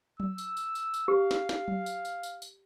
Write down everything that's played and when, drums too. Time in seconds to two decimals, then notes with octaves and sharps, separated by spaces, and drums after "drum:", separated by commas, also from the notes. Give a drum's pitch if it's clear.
0.20 E6, drum: tom F#3
0.38 drum: tambourine
0.57 drum: tambourine
0.75 drum: tambourine
0.94 drum: tambourine
1.08 G4 F5
1.31 drum: snare
1.49 drum: snare
1.68 drum: tom F#3
1.86 drum: tambourine
2.05 drum: tambourine
2.23 drum: tambourine
2.42 drum: tambourine